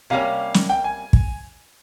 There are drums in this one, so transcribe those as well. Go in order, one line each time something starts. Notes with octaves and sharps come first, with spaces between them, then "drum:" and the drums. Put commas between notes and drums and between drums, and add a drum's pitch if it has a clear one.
C3 G3 A#3 C#4 F5
drum: snare
G5
G#5
drum: kick